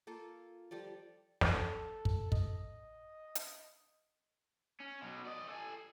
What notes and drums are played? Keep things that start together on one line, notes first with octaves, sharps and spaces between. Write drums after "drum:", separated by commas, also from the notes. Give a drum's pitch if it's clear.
A#3 F4 A4
F3 G3 A4 D5
drum: snare
A4
drum: kick
D#5, drum: kick
drum: hi-hat
C#4
B2 F#3
D5 D#5
A4 G#5